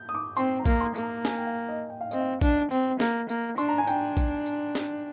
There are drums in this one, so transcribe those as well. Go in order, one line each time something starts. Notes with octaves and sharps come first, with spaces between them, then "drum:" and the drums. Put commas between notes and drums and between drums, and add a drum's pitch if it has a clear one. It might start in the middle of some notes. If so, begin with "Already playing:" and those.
Already playing: G6
D#6
D6
C4 C6, drum: tambourine
A#5
A#3, drum: kick, tambourine
C6
A#3, drum: tambourine
A#5
G#5, drum: snare
G5
F5
D#5
G5
F5
C4 D#5, drum: tambourine
F5
D4, drum: kick, tambourine
C4, drum: tambourine
A#3, drum: snare
A#3, drum: tambourine
D4 C6, drum: tambourine
A#5
G#5
D4 G5, drum: tambourine
drum: kick, tambourine
drum: tambourine
drum: snare